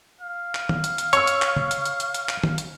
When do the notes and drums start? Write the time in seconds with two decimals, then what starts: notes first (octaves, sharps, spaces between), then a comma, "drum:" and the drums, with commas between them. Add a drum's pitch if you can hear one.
0.21 F5
0.55 drum: clap
0.69 drum: tom
0.84 drum: hi-hat
0.98 drum: hi-hat
1.13 C#5 C#6 E6, drum: hi-hat
1.27 drum: hi-hat
1.42 drum: clap
1.56 drum: tom C#3
1.71 drum: hi-hat
1.85 drum: hi-hat
2.00 drum: hi-hat
2.14 drum: hi-hat
2.29 drum: clap
2.44 drum: tom
2.58 drum: hi-hat